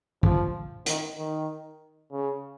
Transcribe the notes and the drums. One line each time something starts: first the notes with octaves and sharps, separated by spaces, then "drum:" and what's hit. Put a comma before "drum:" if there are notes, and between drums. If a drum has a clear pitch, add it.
F3, drum: kick
D#3, drum: hi-hat
D#3
C#3